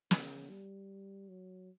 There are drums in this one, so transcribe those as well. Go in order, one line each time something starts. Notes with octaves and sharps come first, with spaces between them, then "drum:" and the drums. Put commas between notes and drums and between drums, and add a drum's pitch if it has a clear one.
C#3, drum: snare
G3
F#3